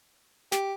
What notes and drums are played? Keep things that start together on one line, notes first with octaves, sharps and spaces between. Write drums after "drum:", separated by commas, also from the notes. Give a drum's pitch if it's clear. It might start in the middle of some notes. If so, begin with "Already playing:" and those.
G4, drum: snare